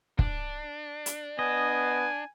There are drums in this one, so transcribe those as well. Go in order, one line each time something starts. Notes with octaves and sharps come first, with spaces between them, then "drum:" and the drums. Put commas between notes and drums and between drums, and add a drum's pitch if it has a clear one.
D4, drum: kick
drum: hi-hat
B3 D#5 G#5